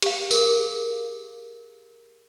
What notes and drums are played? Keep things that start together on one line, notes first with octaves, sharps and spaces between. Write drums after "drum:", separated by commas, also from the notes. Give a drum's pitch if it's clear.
G4 F5, drum: hi-hat
G#4 A#4, drum: tambourine